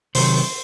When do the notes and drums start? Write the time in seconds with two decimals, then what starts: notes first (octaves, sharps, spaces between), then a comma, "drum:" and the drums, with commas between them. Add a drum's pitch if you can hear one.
0.15 C3 D#3 F#3 C5, drum: open hi-hat